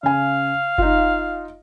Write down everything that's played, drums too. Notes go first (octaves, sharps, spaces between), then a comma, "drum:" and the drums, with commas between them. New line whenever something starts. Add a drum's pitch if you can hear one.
C#3 F5 G#5
D#4 F4, drum: kick F#1